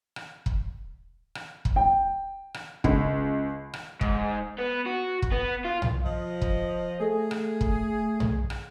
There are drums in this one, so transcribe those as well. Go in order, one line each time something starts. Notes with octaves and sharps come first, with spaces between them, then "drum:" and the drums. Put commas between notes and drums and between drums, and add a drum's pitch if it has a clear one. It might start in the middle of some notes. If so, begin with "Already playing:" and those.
drum: rim click
drum: kick
drum: rim click
drum: kick
G5
drum: rim click
C#2, drum: kick
drum: rim click
G#2, drum: kick
B3
F#4
drum: kick
B3
F4
drum: tom
F3 D#5
drum: kick
A3 G#4
drum: rim click
drum: kick
drum: tom
drum: rim click